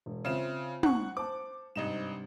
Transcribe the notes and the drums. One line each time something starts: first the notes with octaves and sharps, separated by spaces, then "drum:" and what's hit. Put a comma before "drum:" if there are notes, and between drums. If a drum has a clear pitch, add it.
E1
C#3 C4 F4 E5 E7
F#5 C#6, drum: tom
C5 A5 D6
G#1 G2 C3 D#4 E7